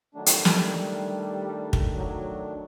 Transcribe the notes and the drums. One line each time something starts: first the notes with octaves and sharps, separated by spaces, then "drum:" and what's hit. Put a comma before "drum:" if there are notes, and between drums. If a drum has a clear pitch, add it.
D#3 F#3 A3 D4
drum: hi-hat
G3, drum: snare
drum: kick
F#3